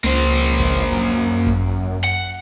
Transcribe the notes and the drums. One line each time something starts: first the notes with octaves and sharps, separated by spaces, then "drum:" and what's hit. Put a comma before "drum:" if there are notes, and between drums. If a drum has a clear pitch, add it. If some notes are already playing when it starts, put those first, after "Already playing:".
C#2 A#3 C5
drum: kick G#1, hi-hat
F#2
drum: hi-hat
drum: kick G#1
F#5